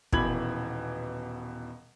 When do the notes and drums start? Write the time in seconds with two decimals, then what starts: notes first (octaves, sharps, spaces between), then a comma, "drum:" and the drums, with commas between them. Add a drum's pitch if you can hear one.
0.13 D#1 B2 E3 B5 G#6 F#7, drum: kick